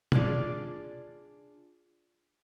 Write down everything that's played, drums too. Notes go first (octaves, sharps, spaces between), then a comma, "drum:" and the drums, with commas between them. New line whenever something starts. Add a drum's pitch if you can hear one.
D4 F4 G#4 D5, drum: tom B2